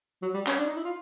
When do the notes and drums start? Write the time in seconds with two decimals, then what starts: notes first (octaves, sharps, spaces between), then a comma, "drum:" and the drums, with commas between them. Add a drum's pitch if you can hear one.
0.22 F#3
0.34 G3
0.47 C#4, drum: clap
0.58 D4
0.67 D#4
0.76 E4
0.85 F4